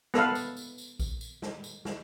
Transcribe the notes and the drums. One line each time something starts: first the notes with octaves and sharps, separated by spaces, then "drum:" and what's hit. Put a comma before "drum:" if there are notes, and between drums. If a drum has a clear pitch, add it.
B3 A4 B4 F5, drum: snare
drum: tambourine
drum: tambourine
drum: tambourine
drum: kick A#1, tambourine
drum: tambourine
drum: snare
drum: tambourine
drum: snare